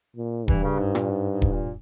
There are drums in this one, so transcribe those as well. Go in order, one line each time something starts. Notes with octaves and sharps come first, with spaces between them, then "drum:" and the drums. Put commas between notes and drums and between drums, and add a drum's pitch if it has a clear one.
A#2
G2 E3, drum: kick D#1
C#3
G#2
A#2, drum: rim click
G#2
G#2
drum: kick D#1
A#2